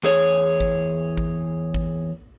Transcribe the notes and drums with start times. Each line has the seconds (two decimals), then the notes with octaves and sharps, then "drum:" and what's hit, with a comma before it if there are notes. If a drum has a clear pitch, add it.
0.03 E2 G#4 C#5
0.60 drum: kick G#1
1.17 drum: kick G#1
1.74 drum: kick G#1